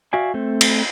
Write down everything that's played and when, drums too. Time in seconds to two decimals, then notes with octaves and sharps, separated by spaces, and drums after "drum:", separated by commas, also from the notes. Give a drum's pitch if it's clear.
0.13 F#4 D5 E5 F5 G5 G#5
0.34 A3 C4 C5
0.61 drum: cymbal